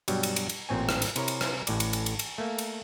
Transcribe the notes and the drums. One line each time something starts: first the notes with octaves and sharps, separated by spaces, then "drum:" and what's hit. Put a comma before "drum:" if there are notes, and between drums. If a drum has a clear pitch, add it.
G2 B2 F#3 G3, drum: cymbal
drum: cymbal
drum: cymbal
drum: cymbal
A1 A#2 C4 C#5 G#5
drum: rim click
drum: cymbal
C3 E4 A#4 C#5, drum: cymbal
drum: cymbal
drum: rim click
A1 A2 D5, drum: cymbal
drum: cymbal
drum: cymbal
drum: cymbal
drum: cymbal
A3 A#3
drum: cymbal